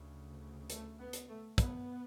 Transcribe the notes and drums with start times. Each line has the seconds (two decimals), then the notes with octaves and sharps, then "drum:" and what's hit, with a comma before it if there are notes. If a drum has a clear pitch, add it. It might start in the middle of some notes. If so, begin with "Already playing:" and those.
Already playing: D2 C#3
0.70 A3, drum: hi-hat
0.99 B3
1.13 drum: hi-hat
1.28 A3
1.58 B3, drum: kick, hi-hat